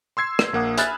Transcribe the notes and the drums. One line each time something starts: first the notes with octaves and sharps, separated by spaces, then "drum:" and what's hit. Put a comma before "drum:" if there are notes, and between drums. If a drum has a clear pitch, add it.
C6 E6 G#6 C7
drum: rim click
A#1 A#3 F#5 D#6
E5 G#5 B5 F6 F#6 A6, drum: hi-hat